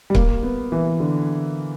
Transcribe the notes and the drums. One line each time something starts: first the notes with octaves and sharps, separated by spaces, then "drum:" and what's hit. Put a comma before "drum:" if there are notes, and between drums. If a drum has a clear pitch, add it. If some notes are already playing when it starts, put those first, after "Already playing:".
G3
A#3, drum: kick C#1
B3
E3
D3